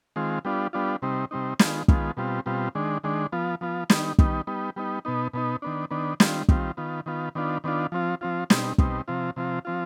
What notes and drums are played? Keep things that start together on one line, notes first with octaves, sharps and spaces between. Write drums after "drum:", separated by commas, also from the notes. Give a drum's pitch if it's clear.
D#3 G#3 C4 F4
G3 B3 D4 F4
G3 B3 D4 F4
C3 G3 C4 D#4
C3 G3 C4 D#4
D#3 G#3 B3 F4, drum: snare
D#3 G#3 B3 F4, drum: kick
B2 G3 C4 F4
B2 G3 C4 F4
D#3 G#3 D4
D#3 G#3 D4
F3 B3 F4
F3 B3 F4
D#3 G3 B3 D#4, drum: snare
D#3 G3 B3 D#4, drum: kick
G3 B3 D#4
G3 B3 D#4
B2 B3 D#4
B2 B3 D#4
D#3 B3 D4
D#3 B3 D4
D#3 G3 C4 F4, drum: snare
D#3 G3 C4 F4, drum: kick
D#3 B3 F4
D#3 B3 F4
D#3 B3 D4 F4
D#3 B3 D4 F4
F3 C4 F4
F3 C4 F4
B2 G3 C4 D#4, drum: snare
B2 G3 C4 D#4, drum: kick
C3 F3 C4 F4
C3 F3 C4 F4
F3 C4 F4